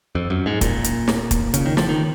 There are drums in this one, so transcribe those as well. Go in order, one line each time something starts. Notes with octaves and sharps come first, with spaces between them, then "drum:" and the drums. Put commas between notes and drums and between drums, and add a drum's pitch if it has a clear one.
F2
F#2
G#2
A#2, drum: kick, hi-hat
drum: hi-hat
drum: snare
drum: kick, hi-hat
C#3, drum: hi-hat
D#3
F3, drum: snare
D#3